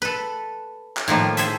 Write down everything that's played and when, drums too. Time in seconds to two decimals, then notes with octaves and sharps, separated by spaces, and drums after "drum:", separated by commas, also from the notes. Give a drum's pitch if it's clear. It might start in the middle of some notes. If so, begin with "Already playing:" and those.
0.02 A4 B4
0.97 drum: clap
1.08 A2 D#3 F3 A#3
1.37 G#4 A4 C5 E5, drum: hi-hat